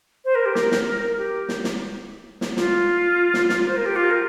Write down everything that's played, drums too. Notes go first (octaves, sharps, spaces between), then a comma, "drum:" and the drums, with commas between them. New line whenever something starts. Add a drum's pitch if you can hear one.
C5
A#4
G4
A#4, drum: snare
drum: snare
G4
drum: snare
drum: snare
drum: snare
F4, drum: snare
drum: snare
drum: snare
C5
A#4
G4
F4
A#4